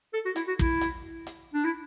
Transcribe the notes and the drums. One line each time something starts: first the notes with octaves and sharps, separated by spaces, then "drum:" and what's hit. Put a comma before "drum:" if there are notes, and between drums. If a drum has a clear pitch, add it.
A4
F#4
E4, drum: hi-hat
F#4
E4, drum: kick
drum: hi-hat
drum: hi-hat
D4
E4